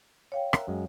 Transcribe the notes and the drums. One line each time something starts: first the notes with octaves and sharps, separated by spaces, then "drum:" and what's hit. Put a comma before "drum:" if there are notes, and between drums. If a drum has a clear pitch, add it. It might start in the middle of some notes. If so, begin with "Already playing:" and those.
C#5 F5 G5
A#4 E5 F#5, drum: rim click
F#2 G#3